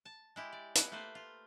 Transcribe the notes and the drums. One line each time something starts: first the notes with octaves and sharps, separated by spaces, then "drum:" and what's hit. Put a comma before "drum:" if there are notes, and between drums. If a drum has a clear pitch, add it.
A5
G#3 E4 G4
D5
B3 E4, drum: hi-hat
A3 A#3 B4 C5
F4